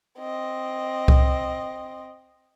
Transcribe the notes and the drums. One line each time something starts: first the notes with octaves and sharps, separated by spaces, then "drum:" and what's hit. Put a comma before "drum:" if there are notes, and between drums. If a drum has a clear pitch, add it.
C4 D#5
drum: kick C2